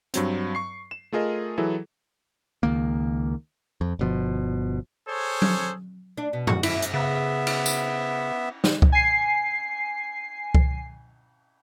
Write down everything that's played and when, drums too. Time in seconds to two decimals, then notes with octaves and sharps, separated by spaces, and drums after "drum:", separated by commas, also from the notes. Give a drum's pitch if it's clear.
0.14 G2 F#3 C4, drum: hi-hat
0.55 C#6 C7
0.91 E7
1.12 A3 F4 G#4 A#4 D#5
1.58 E3 F#3 E4 G#4 A4
2.63 C#2 D#3 A#3
3.81 F2
3.99 G1 B2 F3
5.08 G#4 A4 C5 C#5
5.42 drum: tom F#3
6.17 D4
6.33 B2
6.47 F#4, drum: tom
6.63 E4, drum: cymbal
6.82 drum: hi-hat
6.94 C#3 B3 E5
7.47 drum: cymbal
7.66 drum: tambourine
8.64 drum: snare
8.82 drum: kick C#2
8.92 G#5 C7
10.55 drum: kick C#2